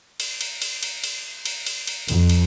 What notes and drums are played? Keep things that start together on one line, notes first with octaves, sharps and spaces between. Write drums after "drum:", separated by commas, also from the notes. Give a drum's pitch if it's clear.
drum: cymbal
drum: cymbal
drum: cymbal
drum: cymbal
drum: cymbal
drum: cymbal
drum: cymbal
drum: cymbal
F2, drum: cymbal
drum: cymbal